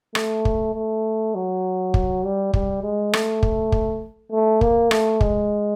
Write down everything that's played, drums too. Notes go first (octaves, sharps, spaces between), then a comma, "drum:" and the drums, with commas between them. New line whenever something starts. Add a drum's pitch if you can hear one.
A3, drum: rim click
drum: kick
A3
F#3
drum: kick
G3
G3, drum: kick
G#3
A3, drum: rim click
drum: kick
drum: kick
A3
A#3, drum: kick
A3, drum: rim click
G#3, drum: kick